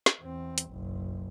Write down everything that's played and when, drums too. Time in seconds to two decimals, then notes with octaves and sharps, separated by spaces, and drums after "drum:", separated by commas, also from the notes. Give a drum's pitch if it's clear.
0.06 drum: snare
0.22 E2 C4
0.58 drum: hi-hat
0.71 F#1 B1